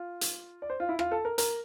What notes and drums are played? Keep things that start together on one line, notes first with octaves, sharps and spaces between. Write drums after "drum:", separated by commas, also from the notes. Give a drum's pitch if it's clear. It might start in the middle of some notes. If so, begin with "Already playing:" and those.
Already playing: F4
drum: hi-hat
D5
C5
F4
E4
F4, drum: rim click
A4
A#4
A#4, drum: hi-hat